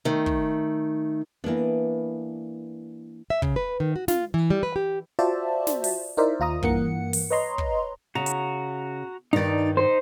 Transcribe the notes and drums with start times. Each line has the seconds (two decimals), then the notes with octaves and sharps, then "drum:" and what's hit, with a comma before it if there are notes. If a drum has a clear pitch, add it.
0.05 D#3 A3
0.26 drum: kick
1.44 E3 A#3 B3 D4
3.30 E5
3.42 C#3, drum: kick
3.56 B4
3.80 D#3
3.96 F#4
4.08 F4, drum: snare
4.34 E3
4.50 G3
4.63 B4
4.76 G4
5.19 F4 F#4 C5 D5 E5 A5
5.67 drum: snare
5.84 drum: open hi-hat
6.17 D#4 E4 A#4 C5 D5 E5
6.40 D#2 F4 A#5 D#6
6.63 G2 E3 A#3 F#5 C#7, drum: kick
7.13 drum: open hi-hat
7.30 B4 C#5 D#5 A#5 C6
7.58 drum: kick
8.15 C#3 F#4 A#5
8.26 drum: hi-hat
9.33 G2 D#3 D#4 D5
9.77 D#4 C5